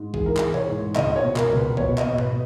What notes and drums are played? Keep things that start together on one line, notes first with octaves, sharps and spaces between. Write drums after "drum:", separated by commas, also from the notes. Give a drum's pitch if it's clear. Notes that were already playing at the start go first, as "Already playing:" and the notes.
Already playing: G#2
E3 G#4, drum: kick A#1
A#4
E3 G#4, drum: clap
C#5, drum: tom B2
G#2
C#2 D#5, drum: clap
C#5
B2
A#4, drum: clap
C#2
B4
B2 C#5, drum: kick A#1
D#5, drum: clap
B2
B4, drum: tom G#2